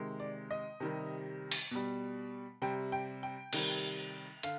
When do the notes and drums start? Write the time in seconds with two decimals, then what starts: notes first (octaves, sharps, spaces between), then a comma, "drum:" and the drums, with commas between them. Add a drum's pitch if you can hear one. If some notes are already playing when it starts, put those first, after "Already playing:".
Already playing: C3 D#3 G#3
0.20 D5
0.51 D#5
0.80 C3 D#3 G3
1.52 drum: open hi-hat
1.71 B2 G3
2.62 C3 G3 G5
2.92 G5
3.23 G5
3.53 C3 D#3 G3, drum: cymbal
4.43 D3 F5, drum: hi-hat